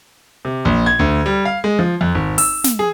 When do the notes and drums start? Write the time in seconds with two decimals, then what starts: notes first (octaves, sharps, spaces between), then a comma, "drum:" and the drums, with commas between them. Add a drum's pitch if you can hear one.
0.45 C3
0.65 A#1
0.86 G#6
0.99 D2
1.26 G3
1.45 F5
1.64 G#3
1.79 F3
2.01 F2
2.15 G#1
2.38 E6, drum: open hi-hat
2.64 drum: snare
2.79 G#4